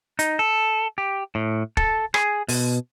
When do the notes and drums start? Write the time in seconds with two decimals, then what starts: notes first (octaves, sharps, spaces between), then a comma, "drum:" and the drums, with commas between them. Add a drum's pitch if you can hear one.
0.19 D#4, drum: hi-hat
0.39 A4
0.98 G4
1.35 A2
1.77 A4, drum: kick
2.14 G#4, drum: rim click
2.48 B2, drum: open hi-hat